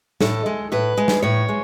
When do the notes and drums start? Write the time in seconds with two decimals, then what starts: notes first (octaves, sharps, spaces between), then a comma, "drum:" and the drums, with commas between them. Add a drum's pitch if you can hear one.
0.21 A2 A4, drum: snare
0.46 G#3
0.72 A2 B4
0.97 G#3
1.08 drum: snare
1.22 A2 C#5
1.49 G#3